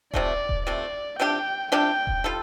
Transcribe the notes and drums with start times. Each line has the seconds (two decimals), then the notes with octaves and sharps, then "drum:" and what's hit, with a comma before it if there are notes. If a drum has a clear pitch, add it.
0.14 C3 F3 A3 D5, drum: kick D#1
0.49 drum: kick D#1
0.66 C3 F3 A3 D5
1.19 C3 F3 D4 G4 G5
1.72 C3 F3 D4 G4 G5
2.07 drum: kick D#1
2.24 G3 F4 A4